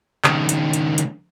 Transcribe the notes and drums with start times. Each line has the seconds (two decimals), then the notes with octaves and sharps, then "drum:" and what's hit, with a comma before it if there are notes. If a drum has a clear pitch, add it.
0.24 C#2 D#3, drum: clap
0.49 drum: hi-hat
0.73 drum: hi-hat
0.98 drum: hi-hat